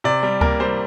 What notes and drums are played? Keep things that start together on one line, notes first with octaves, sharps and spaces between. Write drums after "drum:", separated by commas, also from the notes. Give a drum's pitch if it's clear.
C3 D5
G3
A#3 A#4, drum: kick C#2
G3 C5